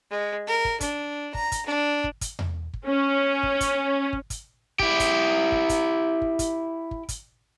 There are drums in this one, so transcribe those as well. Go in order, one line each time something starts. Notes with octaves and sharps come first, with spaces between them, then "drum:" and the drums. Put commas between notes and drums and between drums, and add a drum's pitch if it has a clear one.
G#3
A#4
drum: kick
D4, drum: kick, hi-hat
A#5, drum: kick
drum: kick, hi-hat
D4
drum: kick
drum: kick, hi-hat
drum: tom E2
drum: kick
C#4
drum: kick
drum: kick, hi-hat
drum: kick
drum: kick, hi-hat
E4 G4, drum: kick
drum: kick, hi-hat
drum: kick
drum: kick, hi-hat
drum: kick
drum: kick, hi-hat
drum: kick
drum: kick, hi-hat